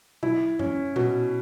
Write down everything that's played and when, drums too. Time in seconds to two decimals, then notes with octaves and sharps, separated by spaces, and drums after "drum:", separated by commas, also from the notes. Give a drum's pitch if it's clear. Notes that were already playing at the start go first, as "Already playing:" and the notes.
0.23 E4, drum: tom B2
0.59 C#4, drum: tom F#2
0.96 B2, drum: tom A#2